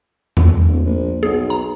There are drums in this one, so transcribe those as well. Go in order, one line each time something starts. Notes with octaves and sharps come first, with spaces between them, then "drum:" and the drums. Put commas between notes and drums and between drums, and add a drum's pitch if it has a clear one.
drum: tom E2
D1
A#1
B1 G#4
A#5